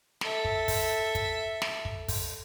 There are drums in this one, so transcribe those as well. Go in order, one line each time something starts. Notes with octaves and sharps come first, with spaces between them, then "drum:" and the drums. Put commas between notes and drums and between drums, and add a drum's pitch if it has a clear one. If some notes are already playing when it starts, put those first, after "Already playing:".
A4 E5, drum: snare
drum: kick
drum: kick, open hi-hat
drum: kick, hi-hat
drum: snare
drum: kick
drum: kick, open hi-hat